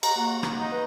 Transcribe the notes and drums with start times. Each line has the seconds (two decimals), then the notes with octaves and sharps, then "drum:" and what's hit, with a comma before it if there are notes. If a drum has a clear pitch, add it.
0.03 D#5 A#5, drum: cymbal
0.16 A#3 F#4
0.43 drum: rim click
0.58 D#4
0.72 B4